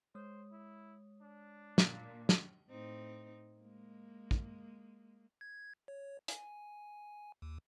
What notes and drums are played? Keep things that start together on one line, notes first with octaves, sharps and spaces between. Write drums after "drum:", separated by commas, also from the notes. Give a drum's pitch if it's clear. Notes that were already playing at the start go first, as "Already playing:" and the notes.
G#3 C5 C#5 D#6
E4
D4
A#2, drum: snare
drum: snare
A2 C4 D#4
G#3 A#3
drum: kick
G#6
C#5
G#5, drum: hi-hat
D#2